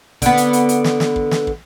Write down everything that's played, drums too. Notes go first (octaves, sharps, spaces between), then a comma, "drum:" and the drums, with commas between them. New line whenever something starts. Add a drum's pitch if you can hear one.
D3 B3, drum: kick, hi-hat
drum: hi-hat
drum: hi-hat
drum: hi-hat
drum: snare
drum: snare
drum: kick
drum: snare
drum: kick